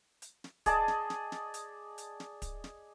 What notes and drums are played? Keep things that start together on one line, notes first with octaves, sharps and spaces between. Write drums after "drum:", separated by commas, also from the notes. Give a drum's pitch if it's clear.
drum: hi-hat
drum: snare
G#4 D5 D#5 A5, drum: kick, hi-hat
drum: snare
drum: snare
drum: snare
drum: hi-hat
drum: hi-hat
drum: snare
drum: kick, hi-hat
drum: snare